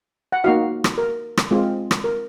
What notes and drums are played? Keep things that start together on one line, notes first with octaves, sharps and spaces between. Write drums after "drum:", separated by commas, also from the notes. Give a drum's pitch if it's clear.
F#5
A#3 D#4 F#4 F5
drum: rim click
A#4
drum: rim click
G#3 C4 F4
drum: rim click
A#4